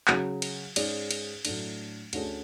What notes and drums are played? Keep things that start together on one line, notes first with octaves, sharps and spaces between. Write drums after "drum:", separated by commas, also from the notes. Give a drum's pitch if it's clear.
C#3 F#3 C#4 F#4, drum: clap
drum: cymbal
G#2 G#3 C#4 G#4 D5, drum: cymbal
drum: cymbal
A2 F#3 A3 D4, drum: cymbal
D2 D3 A3 C#4 G#4, drum: cymbal